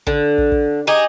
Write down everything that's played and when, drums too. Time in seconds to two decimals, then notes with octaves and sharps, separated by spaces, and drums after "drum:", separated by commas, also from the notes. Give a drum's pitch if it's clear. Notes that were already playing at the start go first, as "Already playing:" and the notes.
0.07 D3, drum: kick
0.38 drum: kick
0.52 drum: kick
0.87 D#4 G4 G#4